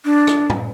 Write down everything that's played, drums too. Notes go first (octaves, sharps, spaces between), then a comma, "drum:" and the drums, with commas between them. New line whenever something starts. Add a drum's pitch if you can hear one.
D4
drum: rim click
drum: tom A2